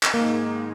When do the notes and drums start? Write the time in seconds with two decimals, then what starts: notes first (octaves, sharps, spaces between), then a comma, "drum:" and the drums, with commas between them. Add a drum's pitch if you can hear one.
0.03 drum: clap
0.13 G#2 D#3 G#3 A#3 D#4